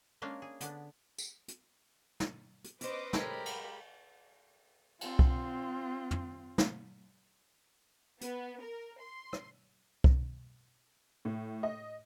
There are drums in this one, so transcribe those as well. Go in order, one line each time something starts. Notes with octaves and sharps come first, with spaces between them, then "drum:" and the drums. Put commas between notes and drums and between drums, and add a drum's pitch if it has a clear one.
G#3 A#3 C#4 D4 F5
G#4
D3 B3 D4, drum: hi-hat
drum: tambourine
drum: hi-hat
drum: snare
drum: hi-hat
C#4 B4 C5 D#5 D6, drum: hi-hat
G#3 G4 A4 A#4 C#5 B5, drum: snare
drum: cymbal
C4 F4, drum: cymbal
drum: kick C2
drum: tom
drum: snare
B3, drum: hi-hat
A#4
C6
drum: rim click
drum: kick C2
A2
D#5